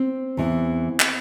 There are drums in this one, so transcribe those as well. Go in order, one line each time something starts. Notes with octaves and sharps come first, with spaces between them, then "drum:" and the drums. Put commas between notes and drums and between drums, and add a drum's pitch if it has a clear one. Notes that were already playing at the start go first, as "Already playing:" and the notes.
Already playing: C4
E2 E3
drum: clap